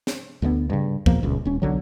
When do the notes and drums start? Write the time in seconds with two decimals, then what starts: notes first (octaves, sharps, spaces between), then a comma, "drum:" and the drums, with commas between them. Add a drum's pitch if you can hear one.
0.07 drum: snare
0.42 D2 D3 E3 B3
0.70 G2 C#3
1.06 E2 A#2 F3 A#3, drum: kick
1.22 D#1 C#2 A#2
1.45 D#1 C#4
1.62 B1 D3 F#3